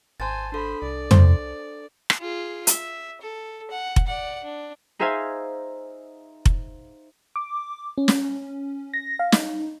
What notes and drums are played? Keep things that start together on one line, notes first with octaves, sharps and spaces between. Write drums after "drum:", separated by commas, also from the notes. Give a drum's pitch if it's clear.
G#1 C5 G#5 A5 A6
D4 A4 C5 B5
C2 D5
C5, drum: tom
drum: rim click
F4 G#4
E5, drum: hi-hat
A4
F#5
drum: kick F1
D5 F#5
D4
D#4 G#4 C5 E5 F5 G#5
drum: kick F1
D6
C#4
drum: snare
A#6
F5
D#4, drum: snare